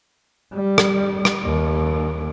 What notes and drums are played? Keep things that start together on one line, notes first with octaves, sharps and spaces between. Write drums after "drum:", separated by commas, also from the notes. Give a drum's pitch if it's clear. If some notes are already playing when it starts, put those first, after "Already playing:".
G3
drum: rim click
drum: rim click
D#2